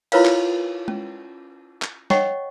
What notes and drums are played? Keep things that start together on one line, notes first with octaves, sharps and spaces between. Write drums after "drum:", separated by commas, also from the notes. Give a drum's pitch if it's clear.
E4 F4 A#4 B4 C#5 F5, drum: cymbal
drum: clap
C#4, drum: tom G#3
drum: clap
C#5 D#5 F#5 G5 C#6, drum: snare